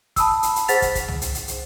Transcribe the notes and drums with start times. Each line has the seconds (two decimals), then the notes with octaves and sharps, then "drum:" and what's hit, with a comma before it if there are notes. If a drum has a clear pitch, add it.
0.16 A5 B5 D#6 E6, drum: kick, hi-hat
0.43 drum: hi-hat
0.56 drum: hi-hat
0.68 G#4 C5 F#5 A6 B6 F7, drum: hi-hat
0.82 drum: kick, hi-hat
0.95 drum: kick, hi-hat
1.08 drum: tom
1.21 drum: hi-hat
1.35 drum: hi-hat
1.48 drum: hi-hat